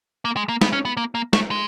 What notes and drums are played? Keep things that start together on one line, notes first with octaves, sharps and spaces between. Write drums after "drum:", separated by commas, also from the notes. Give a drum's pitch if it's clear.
A#3
G#3
A#3
B3, drum: snare
C#4
B3
A#3
A#3
A3, drum: snare
G#3